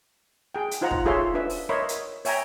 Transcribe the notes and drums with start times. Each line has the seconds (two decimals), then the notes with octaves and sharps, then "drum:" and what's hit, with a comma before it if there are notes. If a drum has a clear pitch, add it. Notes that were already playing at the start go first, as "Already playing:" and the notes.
0.54 G#4 G5
0.71 drum: hi-hat
0.81 D#4 F4 C5 F#5 A#5
0.91 drum: kick
1.05 F4 G#4 A4 C#5 E5 C6
1.34 D4 B4 E5
1.50 drum: open hi-hat
1.69 A#4 C#5 D#5 E5 B5 C6
1.89 drum: hi-hat
2.25 C#5 E5 G5 G#5 A#5, drum: open hi-hat